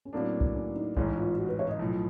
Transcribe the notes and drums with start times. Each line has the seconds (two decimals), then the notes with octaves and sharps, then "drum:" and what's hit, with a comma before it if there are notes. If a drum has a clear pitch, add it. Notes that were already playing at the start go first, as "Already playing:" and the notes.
0.05 C#4
0.12 A2 F#3 A#3 C4 D4
0.41 drum: kick C2
0.55 C#4
0.76 D#4
0.97 A1 G#2 E3 G#3 C#4, drum: kick C2
1.17 F4
1.38 F#4
1.48 B4
1.59 C#5
1.69 D#5
1.79 B1 A2 F3